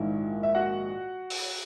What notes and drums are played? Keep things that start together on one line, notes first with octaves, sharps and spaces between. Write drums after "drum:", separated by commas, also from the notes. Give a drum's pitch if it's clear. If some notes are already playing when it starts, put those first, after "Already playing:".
Already playing: A#1 G#2 D#3 E4
E5
F#4 F#5
drum: open hi-hat